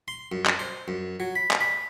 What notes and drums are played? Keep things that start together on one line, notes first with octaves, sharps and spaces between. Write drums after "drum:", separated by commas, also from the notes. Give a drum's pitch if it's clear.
C6
F#2
drum: clap
C5
F#2
F#3
B5
drum: clap
B5